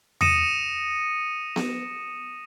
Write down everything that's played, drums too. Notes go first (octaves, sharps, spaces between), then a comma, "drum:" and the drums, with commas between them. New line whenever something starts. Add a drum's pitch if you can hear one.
D#6 A#6 C#7 D#7 E7, drum: tom E2
drum: snare B3